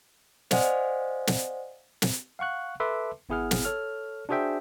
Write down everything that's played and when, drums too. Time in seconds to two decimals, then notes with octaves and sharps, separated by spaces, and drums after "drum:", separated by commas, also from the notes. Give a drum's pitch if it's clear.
0.51 C5 D5 D#5 F5 F#5 G#5, drum: snare
1.27 drum: snare
2.02 drum: snare
2.39 F5 F#5 C#6 F#6
2.80 A4 B4 E5 A5 C6 D6
3.29 G#1 B3 E4 G#4 F#5 F6
3.51 drum: snare
3.65 A4 C#5 F6
4.29 D4 F#4 G#4 C5 E5 G5